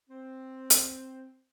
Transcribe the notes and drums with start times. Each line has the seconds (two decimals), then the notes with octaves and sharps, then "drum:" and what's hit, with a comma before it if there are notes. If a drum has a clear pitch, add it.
0.10 C4
0.70 drum: hi-hat